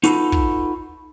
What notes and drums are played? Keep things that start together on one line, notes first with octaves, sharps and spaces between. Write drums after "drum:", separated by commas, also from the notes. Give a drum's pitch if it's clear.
D#4 F4 F#4 A4 B4, drum: hi-hat
drum: kick